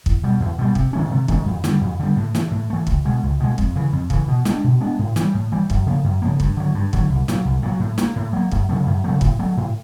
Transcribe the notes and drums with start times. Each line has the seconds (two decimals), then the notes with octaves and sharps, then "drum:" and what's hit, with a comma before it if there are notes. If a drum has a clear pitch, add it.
0.06 E2, drum: kick
0.24 B2 G3
0.40 E2
0.58 B2 G3
0.75 C3, drum: kick
0.93 D#3 G#3 C#4
1.11 C3
1.28 D#3 G#3 C#4, drum: kick
1.46 F2
1.64 D3 G3, drum: snare
1.81 F2
2.00 D3 G3
2.17 A2
2.35 E3 A3, drum: snare
2.51 A2
2.70 E3 A3
2.87 C#2, drum: kick
3.05 B2 G#3
3.23 C#2
3.40 B2 G#3
3.58 F2, drum: kick
3.76 C#3 E3
3.93 F2
4.10 C#3 E3, drum: kick
4.28 B2
4.45 G#3 B3, drum: snare
4.50 D4
4.64 B2
4.81 G#3 B3 D4
4.99 A2
5.16 E3 G3, drum: snare
5.34 A2
5.52 E3 G3
5.70 F#2, drum: kick
5.86 C#3 F3 A#3
6.04 F#2
6.22 C#3 F3 A#3
6.40 G2, drum: kick
6.57 D3 F#3
6.74 G2
6.93 D3 F#3, drum: kick
7.10 C2
7.28 A#2 F#3, drum: snare
7.45 C2
7.63 A#2 F#3
7.80 A2
7.98 F#3, drum: snare
8.01 A#3
8.16 A2
8.33 F#3 A#3
8.51 F#2, drum: kick
8.69 C#3 F#3 A3
8.86 F#2
9.04 C#3 F#3 A3
9.21 A2, drum: kick
9.39 F#3 A3
9.57 A2